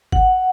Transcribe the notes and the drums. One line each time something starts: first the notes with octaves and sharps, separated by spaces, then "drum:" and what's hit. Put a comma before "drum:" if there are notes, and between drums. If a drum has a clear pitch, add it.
F#5, drum: kick G1